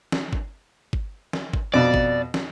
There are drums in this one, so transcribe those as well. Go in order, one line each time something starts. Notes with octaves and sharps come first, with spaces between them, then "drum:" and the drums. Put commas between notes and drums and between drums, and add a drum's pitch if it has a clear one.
drum: snare
drum: kick G1
drum: kick G1
drum: snare
drum: kick G1
F2 B2 D5
drum: kick G1
drum: snare